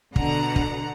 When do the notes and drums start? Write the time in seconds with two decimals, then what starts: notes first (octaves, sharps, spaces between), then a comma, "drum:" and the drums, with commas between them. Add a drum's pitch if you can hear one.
0.16 B2 D3 F#5 A#5, drum: kick
0.56 drum: kick